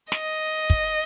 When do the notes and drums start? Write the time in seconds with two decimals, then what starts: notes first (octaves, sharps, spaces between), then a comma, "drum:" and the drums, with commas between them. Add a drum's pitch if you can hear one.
0.12 D#5, drum: snare
0.70 drum: kick